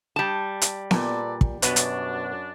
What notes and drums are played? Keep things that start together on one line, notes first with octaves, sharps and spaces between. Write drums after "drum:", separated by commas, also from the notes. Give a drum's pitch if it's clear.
G3 A5
drum: hi-hat
A#2 A4 B4 D5, drum: snare B3
drum: kick
F#2 B2 B3 D4 B4, drum: hi-hat
drum: hi-hat